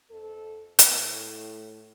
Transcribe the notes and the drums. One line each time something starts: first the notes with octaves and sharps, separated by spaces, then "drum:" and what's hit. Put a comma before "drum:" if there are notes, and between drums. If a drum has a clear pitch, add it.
F2 A4
A2, drum: hi-hat